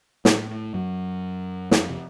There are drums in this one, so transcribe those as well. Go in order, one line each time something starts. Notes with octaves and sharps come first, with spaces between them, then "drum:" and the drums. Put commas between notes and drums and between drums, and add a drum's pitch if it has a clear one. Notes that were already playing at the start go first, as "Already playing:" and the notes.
A2 A3, drum: snare
F#2 F#3
F2 F3, drum: snare
C3